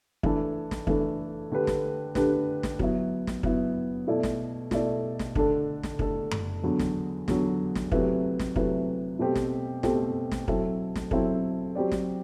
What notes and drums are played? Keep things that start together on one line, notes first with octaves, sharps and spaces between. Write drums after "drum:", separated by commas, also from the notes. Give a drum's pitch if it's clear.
E3 A3 D4 A4, drum: kick
drum: snare
E3 A3 D4 A4, drum: kick
D3 A3 D4 G4 B4
drum: snare
D3 A3 D4 G4 B4, drum: snare
drum: snare
F#3 B3 E4, drum: kick
drum: snare
F#3 B3 E4, drum: kick
B2 A3 E4 A4 D5
drum: snare
B2 A3 E4 A4 D5, drum: snare
drum: snare
D3 A3 D4 A4, drum: kick
drum: snare
D3 A3 D4 A4, drum: kick
drum: tom F#2
E2 D3 F#3
drum: snare
E2 D3 F#3, drum: snare
drum: snare
C3 F#3 A3 E4 B4, drum: kick
drum: snare
C3 F#3 A3 E4 B4, drum: kick
B2 A3 C4 G4
drum: snare
B2 A3 C4 G4, drum: snare
drum: snare
F#3 C4 E4 A4, drum: kick
drum: snare
F#3 C4 E4 A4, drum: kick
F#3 C4 G4 D5
drum: snare